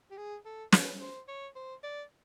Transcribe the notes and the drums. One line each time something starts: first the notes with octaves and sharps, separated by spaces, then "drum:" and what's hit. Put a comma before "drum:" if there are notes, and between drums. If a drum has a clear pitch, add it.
G4
G#4
A4
B4, drum: snare
C5
C#5
C5
D5